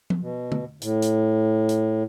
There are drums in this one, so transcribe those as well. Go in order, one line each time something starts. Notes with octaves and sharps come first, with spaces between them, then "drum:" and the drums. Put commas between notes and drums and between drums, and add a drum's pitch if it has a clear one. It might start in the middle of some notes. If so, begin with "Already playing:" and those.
drum: tom F3
B2
drum: tom
A2, drum: hi-hat
drum: hi-hat
drum: hi-hat